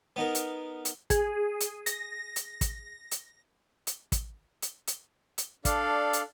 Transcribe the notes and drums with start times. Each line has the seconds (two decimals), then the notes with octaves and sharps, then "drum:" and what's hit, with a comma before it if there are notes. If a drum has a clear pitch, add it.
0.16 B3 D#4 A#4
0.35 drum: hi-hat
0.85 drum: hi-hat
1.10 G#4, drum: kick, hi-hat
1.60 drum: hi-hat
1.86 A#6, drum: hi-hat
2.36 drum: hi-hat
2.61 drum: kick, hi-hat
3.11 drum: hi-hat
3.87 drum: hi-hat
4.12 drum: kick, hi-hat
4.62 drum: hi-hat
4.87 drum: hi-hat
5.38 drum: hi-hat
5.65 D4 A4 D5 F5, drum: kick, hi-hat
6.13 drum: hi-hat